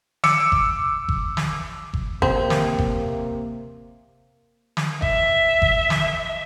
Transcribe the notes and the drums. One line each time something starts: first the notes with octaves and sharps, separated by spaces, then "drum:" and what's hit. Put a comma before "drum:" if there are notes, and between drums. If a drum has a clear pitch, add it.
D6 E6 C#7, drum: snare
drum: kick G1
drum: kick G1
drum: snare
drum: kick G1
C3 A#3 C4, drum: kick G1
drum: snare
drum: kick G1
drum: snare
E5, drum: kick G1
drum: kick G1
drum: snare